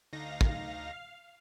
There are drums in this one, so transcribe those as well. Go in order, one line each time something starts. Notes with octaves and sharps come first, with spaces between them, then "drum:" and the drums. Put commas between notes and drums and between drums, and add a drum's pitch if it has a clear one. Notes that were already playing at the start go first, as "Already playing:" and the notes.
D2 D#4 F5 A#6
drum: kick